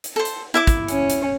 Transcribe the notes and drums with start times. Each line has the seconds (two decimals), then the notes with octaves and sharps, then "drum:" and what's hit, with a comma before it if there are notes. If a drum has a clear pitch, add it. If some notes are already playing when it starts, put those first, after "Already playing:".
0.04 drum: hi-hat
0.16 A4 C5
0.25 drum: hi-hat
0.54 E4 E5 D6
0.67 drum: kick, hi-hat
0.88 C#4, drum: hi-hat
1.10 drum: hi-hat